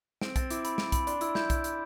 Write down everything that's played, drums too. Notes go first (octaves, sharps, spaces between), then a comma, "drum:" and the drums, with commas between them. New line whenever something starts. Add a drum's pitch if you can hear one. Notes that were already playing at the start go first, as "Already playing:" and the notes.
C4 D7, drum: snare
C4 A6, drum: kick B1, hi-hat
E4 D6, drum: hi-hat
B5, drum: hi-hat
D7, drum: snare
B5, drum: kick B1, hi-hat
D4 C6, drum: hi-hat
E4 E6, drum: hi-hat
E4 G6, drum: snare
drum: kick B1, hi-hat
drum: hi-hat